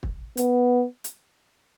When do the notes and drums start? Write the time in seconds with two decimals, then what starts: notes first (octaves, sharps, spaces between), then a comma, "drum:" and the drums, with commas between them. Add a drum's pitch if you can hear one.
0.03 drum: kick
0.37 B3, drum: hi-hat
1.04 drum: hi-hat